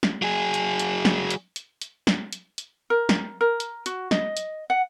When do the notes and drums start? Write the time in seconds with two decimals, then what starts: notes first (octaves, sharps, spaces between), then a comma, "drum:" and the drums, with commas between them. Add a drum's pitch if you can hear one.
0.03 drum: snare
0.22 F#3 G#4
0.54 drum: hi-hat
0.79 drum: hi-hat
1.05 drum: snare
1.30 drum: hi-hat
1.56 drum: hi-hat
1.82 drum: hi-hat
2.07 drum: snare
2.33 drum: hi-hat
2.58 drum: hi-hat
2.90 A#4
3.09 drum: snare
3.41 A#4
3.60 drum: hi-hat
3.86 F#4, drum: hi-hat
4.11 D#5, drum: snare
4.37 drum: hi-hat
4.70 F#5